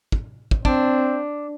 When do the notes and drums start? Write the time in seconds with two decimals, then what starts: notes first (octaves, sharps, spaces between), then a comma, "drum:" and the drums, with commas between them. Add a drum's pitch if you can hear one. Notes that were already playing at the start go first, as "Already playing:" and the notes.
0.12 drum: kick
0.51 drum: kick
0.65 C4 D4, drum: kick